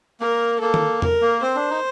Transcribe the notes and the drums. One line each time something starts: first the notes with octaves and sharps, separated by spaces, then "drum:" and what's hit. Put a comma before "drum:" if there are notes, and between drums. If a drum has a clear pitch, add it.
A#3 A#4
A#3 A4
drum: tom D#3
A#4, drum: tom E2
A#3
C4 C5
D4
D#4